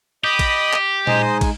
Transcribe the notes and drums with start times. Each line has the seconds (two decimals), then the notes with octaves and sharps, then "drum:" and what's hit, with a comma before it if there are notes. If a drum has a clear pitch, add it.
0.24 G4 D#5 B5 D#6
0.39 drum: kick, cymbal
0.73 drum: clap
1.07 G#3 D#4 C5 D#5 G#5, drum: tom A#2
1.41 drum: kick, cymbal